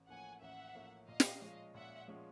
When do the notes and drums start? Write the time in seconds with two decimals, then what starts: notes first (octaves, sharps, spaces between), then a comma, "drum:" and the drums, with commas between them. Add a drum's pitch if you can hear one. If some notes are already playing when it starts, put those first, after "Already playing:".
Already playing: A1
0.08 A2 F3 A#3 C#4 F#5 G#5
0.41 A1 E5 F#5
0.75 A2 F3 A#3 C#4
1.08 A#2 D#5 F5
1.20 drum: snare
1.41 F3 G#3 C#4 F4
1.74 A#2 E5 F#5
2.07 F3 G#3 C#4 F4